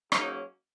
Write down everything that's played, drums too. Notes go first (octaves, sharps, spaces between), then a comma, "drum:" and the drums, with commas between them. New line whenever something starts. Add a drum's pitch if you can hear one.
G#2 F#3 A#3 C#4 D#4, drum: rim click